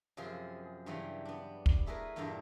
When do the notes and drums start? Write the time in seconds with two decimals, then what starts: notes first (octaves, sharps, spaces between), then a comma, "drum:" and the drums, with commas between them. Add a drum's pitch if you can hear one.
0.17 F#2 C3 F3 G#4
0.86 G2 C#3 E3 F#3 G3
1.25 B3 D4
1.66 drum: kick
1.86 A3 E4 G#4 A#4 B4
2.16 E2 G2 A#2 D3 A4 A#5